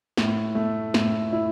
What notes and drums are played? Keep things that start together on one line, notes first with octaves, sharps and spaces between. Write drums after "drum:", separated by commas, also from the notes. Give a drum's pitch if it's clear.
A2, drum: snare
A3
A2, drum: snare
E4